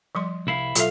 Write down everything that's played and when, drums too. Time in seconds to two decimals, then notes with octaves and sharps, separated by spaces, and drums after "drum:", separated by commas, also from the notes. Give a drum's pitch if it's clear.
0.15 F3 G3 C6
0.47 C2 E4 F5
0.75 B1 F4 A4 E5 F5, drum: hi-hat